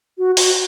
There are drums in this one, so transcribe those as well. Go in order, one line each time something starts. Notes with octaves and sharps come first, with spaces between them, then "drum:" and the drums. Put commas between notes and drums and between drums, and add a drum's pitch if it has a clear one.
F#4
F#4, drum: open hi-hat